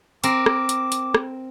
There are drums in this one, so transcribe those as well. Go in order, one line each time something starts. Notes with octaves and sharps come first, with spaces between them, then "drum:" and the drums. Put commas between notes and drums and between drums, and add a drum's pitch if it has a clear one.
C4 A#4 D6, drum: hi-hat
drum: rim click
drum: hi-hat
drum: hi-hat
drum: rim click